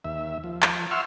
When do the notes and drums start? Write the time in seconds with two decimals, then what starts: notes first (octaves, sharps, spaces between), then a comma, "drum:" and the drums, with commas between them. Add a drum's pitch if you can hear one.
0.04 D#2 E5
0.44 F3
0.62 drum: clap
0.91 E5 F#5 C6 C#6 E6 F6